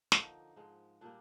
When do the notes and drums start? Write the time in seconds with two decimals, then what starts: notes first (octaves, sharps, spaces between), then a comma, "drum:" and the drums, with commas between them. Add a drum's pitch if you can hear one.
0.12 D3 F3 A#3 D#4, drum: snare
0.56 G#2 F3 G#3
1.01 A#2 G3 A#3 D4